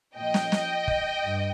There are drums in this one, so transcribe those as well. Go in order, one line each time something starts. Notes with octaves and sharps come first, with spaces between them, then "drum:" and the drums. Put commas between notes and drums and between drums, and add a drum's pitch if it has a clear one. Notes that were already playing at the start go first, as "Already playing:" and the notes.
A#2 F3 D#5 G5
drum: snare
drum: snare
drum: kick
G2